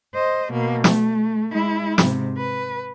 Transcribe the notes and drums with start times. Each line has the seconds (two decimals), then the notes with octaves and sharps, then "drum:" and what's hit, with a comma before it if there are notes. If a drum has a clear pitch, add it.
0.14 C5 D#5
0.52 B2 A#3
0.84 A3, drum: snare
1.52 G#3 E4
1.98 G#2 C3, drum: snare
2.37 B4